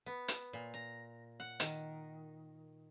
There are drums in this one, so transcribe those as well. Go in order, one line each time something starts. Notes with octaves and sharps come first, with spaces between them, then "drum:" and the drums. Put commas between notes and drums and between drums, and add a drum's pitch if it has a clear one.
B3
drum: hi-hat
A#2
A#5
F#5
D#3, drum: hi-hat